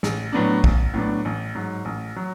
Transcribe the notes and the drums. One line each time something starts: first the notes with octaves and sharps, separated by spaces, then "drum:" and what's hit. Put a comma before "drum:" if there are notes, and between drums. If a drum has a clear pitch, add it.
A1, drum: snare
A2 F#3 B3 D4
A1, drum: kick
A2 F#3 B3 D4
A1
G#2 F#3
A1
F#3